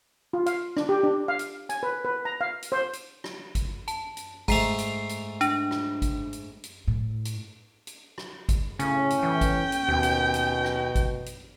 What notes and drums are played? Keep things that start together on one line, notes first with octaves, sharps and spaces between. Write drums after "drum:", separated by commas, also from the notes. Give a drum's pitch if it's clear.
F4
F5, drum: hi-hat
D4, drum: rim click
G4
D4
F5
drum: hi-hat
G#5, drum: hi-hat
B4
B4
A#5
F5
drum: hi-hat
C5
drum: hi-hat
drum: rim click
drum: kick G#1, hi-hat
A5, drum: hi-hat
drum: hi-hat
G#2 A3 A#5 C7 F7, drum: kick G#1, hi-hat
drum: hi-hat
drum: hi-hat
D4, drum: hi-hat
drum: rim click
drum: kick G#1, hi-hat
drum: hi-hat
drum: hi-hat
A2
drum: hi-hat
drum: hi-hat
drum: rim click
drum: kick G#1, hi-hat
A2 C#3 C#4, drum: hi-hat
drum: hi-hat
E3 G5
drum: kick G#1, hi-hat
drum: hi-hat
D#2 B2
drum: hi-hat
drum: hi-hat
drum: rim click
drum: kick G#1, hi-hat
drum: hi-hat